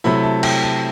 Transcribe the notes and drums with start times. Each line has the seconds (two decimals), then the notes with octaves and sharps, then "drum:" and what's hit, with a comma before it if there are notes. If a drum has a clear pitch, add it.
0.04 C3 F#3 A3 E4 B5
0.23 A5
0.43 G5, drum: cymbal
0.63 A5